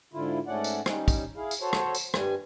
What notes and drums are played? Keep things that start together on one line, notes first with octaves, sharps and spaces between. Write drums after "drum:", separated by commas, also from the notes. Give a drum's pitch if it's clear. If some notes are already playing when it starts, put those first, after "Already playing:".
G#2 D3 E4 F4
G#2 A3 C#4 D5 F#5
drum: tambourine
G3 C#4 D#4, drum: rim click
drum: kick, tambourine
E4 G#4 F5
drum: tambourine
F#4 A4 C5 C#5
drum: rim click
drum: tambourine
G2 G3 G#5, drum: rim click